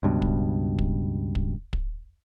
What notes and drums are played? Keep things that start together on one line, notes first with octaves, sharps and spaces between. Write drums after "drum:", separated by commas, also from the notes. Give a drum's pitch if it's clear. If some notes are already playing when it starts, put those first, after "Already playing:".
C#2 G2 B2
drum: kick
drum: kick
drum: kick
drum: kick